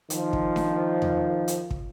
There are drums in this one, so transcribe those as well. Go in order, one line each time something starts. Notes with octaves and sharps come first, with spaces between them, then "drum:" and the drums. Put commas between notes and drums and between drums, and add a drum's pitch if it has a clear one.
D#3 F3, drum: hi-hat
drum: kick
drum: snare D4
drum: tom E2
drum: hi-hat
drum: kick